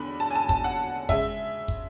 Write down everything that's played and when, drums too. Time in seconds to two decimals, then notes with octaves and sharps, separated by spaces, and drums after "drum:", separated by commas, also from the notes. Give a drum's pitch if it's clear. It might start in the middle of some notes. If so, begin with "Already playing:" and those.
Already playing: E2 D3 B5
0.20 A5
0.31 G#5
0.35 A5
0.49 A5, drum: kick
0.64 F#5
1.09 C#3 G#3 E5, drum: kick
1.68 drum: kick